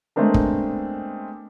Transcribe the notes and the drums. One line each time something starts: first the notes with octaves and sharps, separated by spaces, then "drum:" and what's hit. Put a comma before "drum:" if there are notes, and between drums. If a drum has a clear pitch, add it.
G#3 A3 B3 C4 D4 A#4
drum: kick